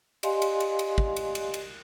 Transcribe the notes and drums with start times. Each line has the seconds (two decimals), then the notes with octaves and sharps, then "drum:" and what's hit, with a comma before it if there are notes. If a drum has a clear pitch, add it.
0.23 G4 D5 D#5 F5 G#5 C6, drum: cymbal
0.42 drum: cymbal
0.60 drum: cymbal
0.79 drum: cymbal
0.98 drum: kick
1.16 drum: cymbal
1.35 drum: cymbal
1.54 drum: cymbal